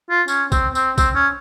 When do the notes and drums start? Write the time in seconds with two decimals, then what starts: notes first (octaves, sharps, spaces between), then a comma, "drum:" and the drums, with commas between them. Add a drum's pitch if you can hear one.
0.10 F4
0.28 C#4, drum: tambourine
0.52 C4, drum: kick, tambourine
0.75 C4, drum: tambourine
0.98 C4, drum: kick, tambourine
1.16 C#4